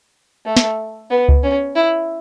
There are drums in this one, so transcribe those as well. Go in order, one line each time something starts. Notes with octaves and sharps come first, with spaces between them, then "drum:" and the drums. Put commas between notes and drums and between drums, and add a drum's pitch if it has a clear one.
A3
drum: snare
B3
drum: kick C#2
C#4
E4